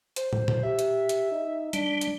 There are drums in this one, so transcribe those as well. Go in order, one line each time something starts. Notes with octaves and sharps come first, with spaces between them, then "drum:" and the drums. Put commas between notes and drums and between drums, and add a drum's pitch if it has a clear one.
C5, drum: hi-hat
drum: tom
drum: tom A#2
G4 E5
drum: hi-hat
drum: hi-hat
D#4
G3 D4, drum: hi-hat
drum: hi-hat